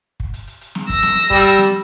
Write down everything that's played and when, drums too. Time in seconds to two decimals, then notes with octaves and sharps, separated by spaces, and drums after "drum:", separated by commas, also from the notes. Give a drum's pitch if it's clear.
0.20 drum: kick
0.34 drum: hi-hat
0.47 drum: hi-hat
0.61 drum: hi-hat
0.75 drum: snare
0.89 E6 A#6, drum: kick, hi-hat
1.03 drum: snare
1.17 drum: hi-hat
1.30 G3, drum: kick, hi-hat
1.44 drum: hi-hat
1.58 drum: snare